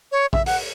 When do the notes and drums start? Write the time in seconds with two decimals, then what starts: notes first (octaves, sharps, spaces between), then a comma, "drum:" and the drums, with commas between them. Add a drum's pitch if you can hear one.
0.12 C#5
0.33 E5, drum: kick A#1
0.46 F#5, drum: open hi-hat